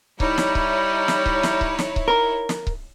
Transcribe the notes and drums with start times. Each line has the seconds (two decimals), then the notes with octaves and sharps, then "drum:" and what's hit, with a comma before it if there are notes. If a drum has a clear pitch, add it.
0.20 G3 D#4 E4 C#5, drum: kick C#1
0.38 drum: snare
0.55 drum: kick C#1
1.08 drum: snare
1.26 drum: kick C#1
1.43 drum: snare
1.61 drum: kick C#1
1.79 drum: snare
1.96 drum: kick C#1
2.08 A#4
2.49 drum: snare
2.67 drum: kick C#1